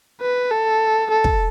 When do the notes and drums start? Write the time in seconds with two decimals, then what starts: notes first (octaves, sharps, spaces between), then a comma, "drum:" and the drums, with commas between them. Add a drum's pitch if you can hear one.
0.22 B4
0.51 A4
1.11 A4
1.24 drum: kick